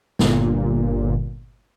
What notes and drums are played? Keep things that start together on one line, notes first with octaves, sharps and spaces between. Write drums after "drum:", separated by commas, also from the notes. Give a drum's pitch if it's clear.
G1 A#2, drum: snare